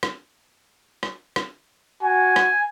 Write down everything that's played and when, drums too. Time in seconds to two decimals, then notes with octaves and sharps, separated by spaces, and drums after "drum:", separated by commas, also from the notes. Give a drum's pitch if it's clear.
0.03 drum: rim click
1.03 drum: rim click
1.36 drum: rim click
2.03 F#4 G#5
2.36 drum: rim click